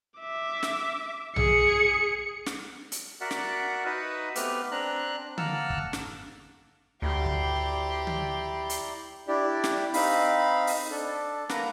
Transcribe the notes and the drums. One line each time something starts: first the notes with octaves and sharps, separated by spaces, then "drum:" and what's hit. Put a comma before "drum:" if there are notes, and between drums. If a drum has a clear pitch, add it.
E5 D6
drum: snare
G#4 C#7, drum: tom B1
drum: snare
drum: hi-hat
F#4 A#4 D5 E5 F#5
drum: snare
D#4 F#4 B4 D#5 E5
A3 B3 C4 G4 B4 F6, drum: hi-hat
C4 D4 A#5 F#6
A#3 A#4 F#5 A5 E6 F6, drum: tom D3
drum: kick
drum: snare
D2 E4 G4 D5 A#5 C6
drum: kick
drum: tom D3
drum: hi-hat
D4 E4 G4 D5
drum: snare
C4 D#4 F5 B5, drum: open hi-hat
drum: open hi-hat
D4 A4
A#3 B4 F#5 A#5, drum: snare